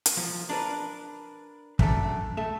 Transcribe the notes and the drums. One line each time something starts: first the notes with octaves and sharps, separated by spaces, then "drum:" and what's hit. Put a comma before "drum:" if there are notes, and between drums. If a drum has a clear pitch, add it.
drum: hi-hat
F3
D4 A#4 B4
F#2 A3 D4 A4, drum: kick
A3 A4 E5